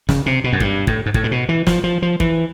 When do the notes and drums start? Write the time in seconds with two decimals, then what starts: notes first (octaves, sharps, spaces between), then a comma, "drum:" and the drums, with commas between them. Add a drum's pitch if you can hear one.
0.09 C#3, drum: snare
0.26 C3
0.44 B2
0.53 F#2
0.60 G2, drum: kick
0.87 A2, drum: kick
1.06 G#2
1.14 A2, drum: kick
1.24 A#2
1.31 B2
1.49 E3
1.67 F3, drum: snare
1.84 F3
2.02 F3
2.20 E3, drum: kick